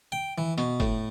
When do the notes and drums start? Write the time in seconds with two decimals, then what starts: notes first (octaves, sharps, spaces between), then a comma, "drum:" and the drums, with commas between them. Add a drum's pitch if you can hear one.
0.12 G5
0.38 E3
0.58 B2, drum: hi-hat
0.80 A2, drum: kick, hi-hat